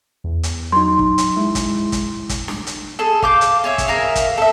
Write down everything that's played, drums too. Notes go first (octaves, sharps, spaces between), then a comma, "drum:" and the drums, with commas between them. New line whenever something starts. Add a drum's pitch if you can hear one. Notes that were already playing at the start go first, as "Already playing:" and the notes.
E2
drum: hi-hat
F#3 D#4 C6
drum: kick
drum: hi-hat
G#3 E4
drum: kick, hi-hat
drum: kick, hi-hat
drum: kick, hi-hat
drum: snare
drum: hi-hat
G#4 A4
F5 D6 G6, drum: kick
drum: hi-hat
G#4 C#5 E5
drum: kick, hi-hat
G#4 A#4 E5 F5
drum: kick, hi-hat
A4 E5